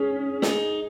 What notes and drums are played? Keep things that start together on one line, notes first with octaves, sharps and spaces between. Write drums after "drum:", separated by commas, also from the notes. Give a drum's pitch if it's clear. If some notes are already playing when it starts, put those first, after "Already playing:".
Already playing: C#4 G#4
D#4, drum: snare